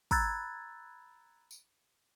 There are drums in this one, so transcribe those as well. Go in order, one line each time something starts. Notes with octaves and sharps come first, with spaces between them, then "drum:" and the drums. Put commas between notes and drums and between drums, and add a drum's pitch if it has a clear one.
A#5 B5 E6 F#6 G#6 A6, drum: kick
drum: tambourine